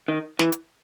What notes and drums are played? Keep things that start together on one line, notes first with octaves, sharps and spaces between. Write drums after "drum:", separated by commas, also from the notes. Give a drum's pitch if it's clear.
D#3
E3, drum: snare
drum: hi-hat